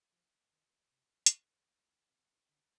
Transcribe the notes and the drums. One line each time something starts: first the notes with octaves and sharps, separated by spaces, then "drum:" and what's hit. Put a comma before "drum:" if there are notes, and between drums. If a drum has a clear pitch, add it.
F3
D#3
C3
drum: hi-hat
C3
D3